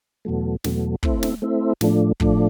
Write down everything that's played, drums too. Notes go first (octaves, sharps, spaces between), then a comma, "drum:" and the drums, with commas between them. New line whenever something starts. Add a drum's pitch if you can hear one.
E2 B2 F#3 A3
E2 B2 F#3 A3, drum: snare
A3 C4 E4, drum: kick
drum: snare
A3 C4 E4
A2 F3 A3 D4, drum: snare
A2 F3 A3 D4, drum: kick